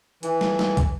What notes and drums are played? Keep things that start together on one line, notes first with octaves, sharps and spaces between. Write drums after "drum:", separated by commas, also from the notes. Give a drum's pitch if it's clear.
E3, drum: hi-hat
drum: snare
drum: snare
drum: kick, hi-hat